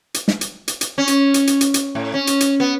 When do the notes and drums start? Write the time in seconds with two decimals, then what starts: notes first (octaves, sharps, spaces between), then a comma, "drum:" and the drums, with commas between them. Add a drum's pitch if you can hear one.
0.14 drum: hi-hat
0.28 drum: snare
0.41 drum: hi-hat
0.68 drum: hi-hat
0.81 drum: hi-hat
0.98 C#4
1.07 drum: hi-hat
1.34 drum: hi-hat
1.47 drum: hi-hat
1.61 drum: hi-hat
1.74 drum: hi-hat
1.95 A2
2.14 C#4
2.27 drum: hi-hat
2.40 drum: hi-hat
2.60 B3